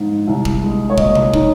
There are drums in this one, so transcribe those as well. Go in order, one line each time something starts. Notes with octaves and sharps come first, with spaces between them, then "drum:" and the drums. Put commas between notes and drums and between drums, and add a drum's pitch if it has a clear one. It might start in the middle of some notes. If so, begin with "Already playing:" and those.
Already playing: G#2 F3
C2
drum: kick
G#3
C#5
A#2 D#5, drum: kick
drum: tom C3
D#4, drum: kick